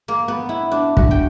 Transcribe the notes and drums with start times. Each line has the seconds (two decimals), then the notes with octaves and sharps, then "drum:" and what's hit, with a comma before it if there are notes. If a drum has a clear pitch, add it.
0.08 A#3
0.28 B3
0.49 E4
0.71 D4
0.97 F#4, drum: kick
1.11 G5